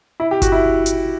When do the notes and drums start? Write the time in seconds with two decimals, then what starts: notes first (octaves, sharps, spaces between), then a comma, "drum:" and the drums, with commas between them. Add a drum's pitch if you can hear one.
0.20 E4
0.31 G4
0.42 F#4, drum: kick G1, hi-hat
0.52 E4
0.86 drum: hi-hat